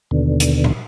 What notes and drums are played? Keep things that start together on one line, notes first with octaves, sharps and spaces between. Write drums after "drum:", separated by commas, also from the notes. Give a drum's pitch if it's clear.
D#2 B2 D3
drum: hi-hat
drum: tom A#2